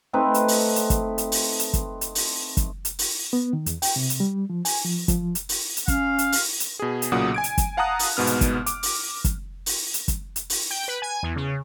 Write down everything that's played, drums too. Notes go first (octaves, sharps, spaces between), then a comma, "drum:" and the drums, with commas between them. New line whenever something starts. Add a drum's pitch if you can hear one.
A3 C4 D#4 B4
drum: hi-hat
drum: open hi-hat
drum: hi-hat
drum: kick, hi-hat
drum: hi-hat
drum: open hi-hat
drum: hi-hat
drum: kick, hi-hat
drum: hi-hat
drum: open hi-hat
drum: kick, hi-hat
drum: hi-hat
drum: open hi-hat
B3
D#3
E2, drum: hi-hat
G5, drum: open hi-hat
C3
drum: hi-hat
G3
F3
G#5, drum: open hi-hat
F3
F3, drum: kick, hi-hat
drum: hi-hat
drum: open hi-hat
drum: hi-hat
C#4 F5, drum: kick, hi-hat
drum: hi-hat
drum: open hi-hat
drum: hi-hat
B2 G#4
drum: hi-hat
B1 A#2 C#3 F#3 F#5 D#6
G#5 G#6 D7
drum: hi-hat
drum: kick, hi-hat
F5 F#5 A5 A#5 D#6 F#6
drum: open hi-hat
C2 G#2 B2 B3 F6
drum: hi-hat
drum: kick, hi-hat
D6, drum: hi-hat
drum: open hi-hat
drum: kick, hi-hat
drum: open hi-hat
drum: hi-hat
drum: kick, hi-hat
drum: hi-hat
drum: open hi-hat
G5
B4
G#5
E2
C#3